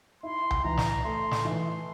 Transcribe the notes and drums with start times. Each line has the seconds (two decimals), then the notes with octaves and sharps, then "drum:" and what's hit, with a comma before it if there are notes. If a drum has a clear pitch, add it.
0.23 E4 C6
0.51 drum: tom C2
0.64 E3 A#5
0.78 drum: snare
1.04 A3 C6
1.31 drum: snare
1.44 E3 C6